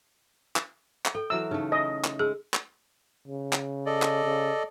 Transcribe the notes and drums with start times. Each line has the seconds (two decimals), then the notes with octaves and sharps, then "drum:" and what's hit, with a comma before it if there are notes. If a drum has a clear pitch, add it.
0.56 drum: clap
1.05 drum: clap
1.15 A4 G5
1.30 E3 F#3 A#4 E5 E6
1.51 C#3 A3 D#4
1.72 D#5
2.04 drum: clap
2.19 G#3 G#4 E6
2.54 drum: clap
3.28 C#3
3.53 drum: clap
3.86 A4 D5 D#5
4.02 drum: clap
4.24 C#3